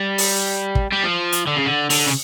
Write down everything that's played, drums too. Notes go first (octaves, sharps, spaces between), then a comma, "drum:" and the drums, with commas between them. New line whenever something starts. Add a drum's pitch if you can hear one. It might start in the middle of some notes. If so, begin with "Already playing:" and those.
Already playing: G3
drum: open hi-hat
drum: kick
G3
F3
drum: hi-hat
D3
C#3
D3
D3, drum: open hi-hat
C#3